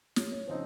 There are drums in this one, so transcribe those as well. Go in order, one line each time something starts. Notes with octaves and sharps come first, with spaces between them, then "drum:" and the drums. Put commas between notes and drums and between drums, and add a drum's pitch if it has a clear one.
C#5, drum: snare
C#5
C#3 F3 C4 D#4 C5